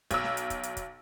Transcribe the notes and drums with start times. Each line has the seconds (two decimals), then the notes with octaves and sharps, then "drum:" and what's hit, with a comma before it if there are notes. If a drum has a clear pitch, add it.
0.11 B1 E6, drum: kick, hi-hat
0.24 drum: snare
0.37 drum: hi-hat
0.50 drum: kick, hi-hat
0.63 drum: hi-hat
0.77 drum: kick, hi-hat